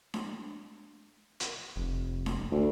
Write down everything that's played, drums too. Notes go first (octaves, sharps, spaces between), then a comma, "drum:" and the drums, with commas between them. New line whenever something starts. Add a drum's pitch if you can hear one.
drum: snare D4
drum: hi-hat
F1
drum: snare D4
D2